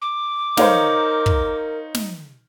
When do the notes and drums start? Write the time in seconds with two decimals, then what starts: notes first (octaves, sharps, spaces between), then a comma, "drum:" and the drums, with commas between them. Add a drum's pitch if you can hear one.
0.02 D6
0.57 D#4 A#4 C5 C#5 F5, drum: snare
1.26 drum: kick
1.94 drum: snare